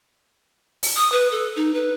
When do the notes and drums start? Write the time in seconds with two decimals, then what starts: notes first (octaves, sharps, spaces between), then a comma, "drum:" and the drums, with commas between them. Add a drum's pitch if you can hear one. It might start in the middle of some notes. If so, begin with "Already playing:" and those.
0.83 drum: open hi-hat
0.96 D#6
1.12 B4
1.32 A4
1.56 D#4
1.74 B4